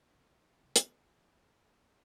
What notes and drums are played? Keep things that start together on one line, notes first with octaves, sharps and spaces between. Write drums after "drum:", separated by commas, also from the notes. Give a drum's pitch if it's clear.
D3
E3
C3
D3, drum: hi-hat
F3
A3
B3
C4